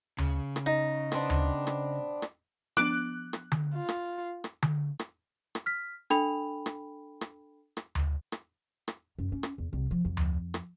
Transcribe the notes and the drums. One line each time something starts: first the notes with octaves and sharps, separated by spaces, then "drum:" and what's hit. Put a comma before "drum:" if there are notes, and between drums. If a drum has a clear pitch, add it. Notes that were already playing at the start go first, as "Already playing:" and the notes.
C#3, drum: tom D2
drum: rim click
D#4
B3 C4 D4, drum: rim click
drum: tom D2
drum: rim click
drum: rim click
F3 B3 D4 D6 F#6, drum: rim click
drum: rim click
drum: tom D3
F4
drum: rim click
drum: rim click
drum: tom D3
drum: rim click
drum: rim click
F6 B6
D4 A4 G5 B5 F7, drum: rim click
drum: rim click
drum: rim click
drum: rim click
drum: tom D2
drum: rim click
drum: rim click
F#2
C#4
drum: rim click
E2
C2
F3
F2
drum: tom D2
drum: rim click